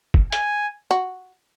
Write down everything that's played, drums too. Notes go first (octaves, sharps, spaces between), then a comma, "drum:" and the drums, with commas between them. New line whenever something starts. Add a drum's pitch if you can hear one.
drum: kick
G#5, drum: hi-hat
F#4